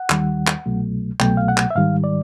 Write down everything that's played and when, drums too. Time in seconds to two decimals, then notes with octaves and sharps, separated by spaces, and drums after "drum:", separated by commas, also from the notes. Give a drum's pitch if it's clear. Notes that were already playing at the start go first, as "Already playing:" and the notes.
Already playing: F#5
0.10 D#2 D#3 G3, drum: clap
0.47 drum: clap
0.66 C2 B2 F#3 A3
1.20 C2 B2 F#3 A3 G5, drum: clap
1.37 F5
1.48 F#5
1.58 drum: clap
1.71 E5
1.75 G#2 D#3 G3 F5
2.04 D5